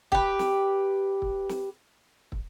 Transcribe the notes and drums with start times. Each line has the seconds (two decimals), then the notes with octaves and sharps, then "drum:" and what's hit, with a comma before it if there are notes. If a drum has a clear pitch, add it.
0.12 G4 B4, drum: kick
0.39 drum: snare
1.22 drum: kick
1.49 drum: snare
2.32 drum: kick